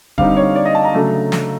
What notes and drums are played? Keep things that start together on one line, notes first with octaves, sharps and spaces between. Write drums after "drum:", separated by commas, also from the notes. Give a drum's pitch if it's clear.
D3 G3 C4 D#4 F5, drum: kick D#1
C#5
D5
D#5
A5
A#5
C#3 F#3 A3 D4
drum: snare